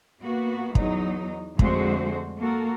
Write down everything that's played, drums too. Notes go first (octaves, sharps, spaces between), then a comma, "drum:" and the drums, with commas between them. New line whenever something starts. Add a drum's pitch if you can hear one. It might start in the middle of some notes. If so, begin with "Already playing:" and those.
A#3 B3 F#4
E2 F#3 D#4, drum: kick
F2 D3 G#3 A3 F#4 C5, drum: kick
A#3 F#4 A4 A#4